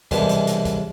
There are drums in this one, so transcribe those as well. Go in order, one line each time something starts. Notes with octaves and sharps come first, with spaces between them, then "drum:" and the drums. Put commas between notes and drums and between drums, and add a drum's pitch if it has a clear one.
C2 F#2 B2 D3 E3 G#3, drum: kick C#2, hi-hat
drum: hi-hat
drum: hi-hat
drum: kick C#2, hi-hat